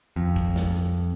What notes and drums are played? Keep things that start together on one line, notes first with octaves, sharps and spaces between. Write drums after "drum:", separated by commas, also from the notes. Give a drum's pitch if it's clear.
F2
drum: kick, hi-hat
drum: snare
drum: hi-hat